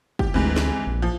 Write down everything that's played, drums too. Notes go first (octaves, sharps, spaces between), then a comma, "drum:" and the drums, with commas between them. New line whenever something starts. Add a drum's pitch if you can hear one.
G4, drum: kick
D2 G#2 C3 E3
drum: snare
A#1
F3